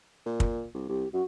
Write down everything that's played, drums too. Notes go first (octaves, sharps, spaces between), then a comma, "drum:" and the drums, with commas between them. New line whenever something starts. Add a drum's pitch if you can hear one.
A#2
drum: kick
C2
C2 G4
F#2 F#4